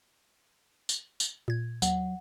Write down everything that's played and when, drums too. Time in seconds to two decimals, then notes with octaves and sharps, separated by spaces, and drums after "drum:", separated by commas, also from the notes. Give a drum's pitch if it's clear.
0.89 drum: tambourine
1.20 drum: tambourine
1.48 A#2 G#6
1.82 D#2 F#3 F#5, drum: tambourine